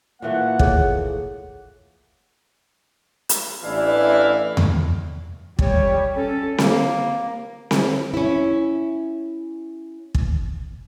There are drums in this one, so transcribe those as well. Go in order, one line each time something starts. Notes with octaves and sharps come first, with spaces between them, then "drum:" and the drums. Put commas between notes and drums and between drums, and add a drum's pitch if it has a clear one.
A#2 E3 A3 A#3 F#5
G#4 A4 C#5, drum: kick
drum: hi-hat
A1 E3 D4 E4 F5
drum: tom E2
G3 C#5, drum: kick
C#4 A4
A#3, drum: snare C4
drum: snare C4
C#4 E4
drum: kick